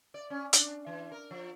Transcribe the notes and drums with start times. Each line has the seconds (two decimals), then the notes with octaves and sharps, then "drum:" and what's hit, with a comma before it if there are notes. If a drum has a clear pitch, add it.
0.14 D5
0.30 C#4
0.53 D4, drum: hi-hat
0.87 E3
1.12 A#4
1.31 F3